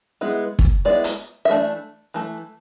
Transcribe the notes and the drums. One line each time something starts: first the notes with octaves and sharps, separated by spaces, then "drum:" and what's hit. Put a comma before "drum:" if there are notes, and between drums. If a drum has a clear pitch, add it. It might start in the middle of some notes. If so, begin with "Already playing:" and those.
G#3 B3 E4
drum: kick
G#3 B3 E4 D5
drum: hi-hat
E5
E3 A3 D4
E3 A3